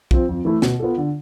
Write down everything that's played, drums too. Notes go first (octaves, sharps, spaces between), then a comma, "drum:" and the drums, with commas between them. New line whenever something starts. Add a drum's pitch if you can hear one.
F3 C4, drum: kick
F2
E3 A3 E4
B2, drum: snare
B3 F4 A4
D3